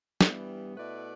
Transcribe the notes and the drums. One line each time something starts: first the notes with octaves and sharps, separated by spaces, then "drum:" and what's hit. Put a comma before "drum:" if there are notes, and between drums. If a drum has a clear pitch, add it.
G2 E3 G3 B3, drum: snare
B2 A3 E4 B4 D5